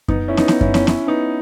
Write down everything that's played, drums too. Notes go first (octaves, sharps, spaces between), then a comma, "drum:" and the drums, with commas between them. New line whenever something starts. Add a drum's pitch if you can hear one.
B3 D#4, drum: kick F#2
C#4 E4
B3 D#4, drum: snare
B3 D#4, drum: snare
C#4 E4, drum: kick F#2
C#4 E4, drum: snare
C#4 E4, drum: snare
B3 D#4